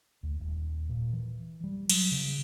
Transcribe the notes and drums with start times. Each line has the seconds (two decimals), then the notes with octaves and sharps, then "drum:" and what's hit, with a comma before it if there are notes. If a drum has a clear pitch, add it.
0.23 D2
0.40 D#1
0.89 A#2
1.13 E3
1.64 G3
1.90 F#3, drum: cymbal
2.11 C#3